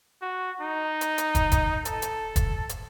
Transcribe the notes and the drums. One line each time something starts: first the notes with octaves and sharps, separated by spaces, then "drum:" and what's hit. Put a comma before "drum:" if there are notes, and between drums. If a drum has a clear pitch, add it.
F#4
D#4
drum: hi-hat
drum: hi-hat
drum: kick, hi-hat
drum: kick, hi-hat
A4, drum: hi-hat
drum: hi-hat
drum: kick, hi-hat
drum: hi-hat